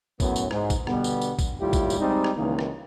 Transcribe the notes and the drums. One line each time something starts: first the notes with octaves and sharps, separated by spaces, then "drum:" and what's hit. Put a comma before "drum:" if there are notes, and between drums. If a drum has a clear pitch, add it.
F#2 A2 F#3 B3, drum: kick, tambourine
drum: tambourine
G#2, drum: rim click
drum: kick, tambourine
B2 D3 G3 B3, drum: rim click
drum: tambourine
drum: tambourine
drum: kick, tambourine
D#2 A2 G3 E4 F4 G4
drum: kick, tambourine
drum: tambourine
G3 G#3 C4 D#4
drum: rim click
C#2 D#3 E3 A#3
drum: rim click